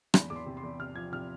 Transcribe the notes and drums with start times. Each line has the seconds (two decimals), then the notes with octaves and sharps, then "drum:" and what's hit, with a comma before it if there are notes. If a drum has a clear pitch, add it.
0.14 E2 B5, drum: rim click
0.30 E2 D6
0.36 C6
0.46 C3
0.57 C6
0.63 E2
0.79 C3 F6
0.96 F3 G#6
1.12 C3 F6